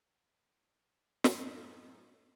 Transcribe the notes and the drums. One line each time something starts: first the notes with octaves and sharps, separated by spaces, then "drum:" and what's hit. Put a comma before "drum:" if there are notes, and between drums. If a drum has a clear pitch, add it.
F#2 A2, drum: snare